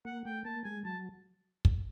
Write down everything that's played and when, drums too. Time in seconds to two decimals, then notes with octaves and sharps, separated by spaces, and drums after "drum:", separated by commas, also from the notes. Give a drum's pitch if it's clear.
0.05 A#3 F#5
0.25 A3 G5
0.45 A#3 A5
0.64 G#3 G#5
0.85 F#3 A5
1.65 drum: kick